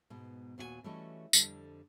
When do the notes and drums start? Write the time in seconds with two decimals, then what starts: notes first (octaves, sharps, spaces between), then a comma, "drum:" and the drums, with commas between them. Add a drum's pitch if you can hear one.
0.10 G#2 B2
0.58 D#2 A#2 F#4 G4 G#5
0.84 E3 G3 A3 C#4 F#4 D#5
1.33 F2 D3 G3, drum: tambourine